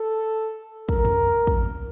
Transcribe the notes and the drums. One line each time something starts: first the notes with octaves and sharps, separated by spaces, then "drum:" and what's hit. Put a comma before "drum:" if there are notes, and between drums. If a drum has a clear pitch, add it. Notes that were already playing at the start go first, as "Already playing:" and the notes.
Already playing: A4
A#4, drum: kick
drum: tom F2
drum: kick